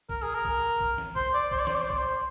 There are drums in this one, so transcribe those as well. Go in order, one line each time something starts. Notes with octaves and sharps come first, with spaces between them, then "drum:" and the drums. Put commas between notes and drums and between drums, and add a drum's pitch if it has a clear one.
A#4, drum: kick B1
G#4
A#4
drum: kick B1
drum: kick B1
drum: snare
C5, drum: kick B1
D5
C5, drum: kick B1
D5
C5, drum: snare
D5
C5
D5, drum: kick B1
C5